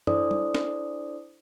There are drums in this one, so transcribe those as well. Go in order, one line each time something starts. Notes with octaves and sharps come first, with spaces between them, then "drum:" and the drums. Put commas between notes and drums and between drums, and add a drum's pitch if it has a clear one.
D4 E4 A4 C5 D5 D#6, drum: tom
drum: tom G3
drum: snare